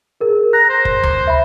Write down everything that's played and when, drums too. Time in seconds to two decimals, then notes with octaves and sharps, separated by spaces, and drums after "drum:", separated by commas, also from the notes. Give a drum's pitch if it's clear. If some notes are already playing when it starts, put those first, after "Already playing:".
0.21 G#4 A#4
0.53 A#5 F#6
0.69 C5
0.85 drum: kick
1.03 drum: tom D2
1.27 E5 B5